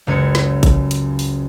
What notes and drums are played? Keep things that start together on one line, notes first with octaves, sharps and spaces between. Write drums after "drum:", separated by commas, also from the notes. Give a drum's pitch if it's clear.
F#1 C#2 G#6 C#7
drum: snare
drum: kick A1, hi-hat
drum: hi-hat
drum: open hi-hat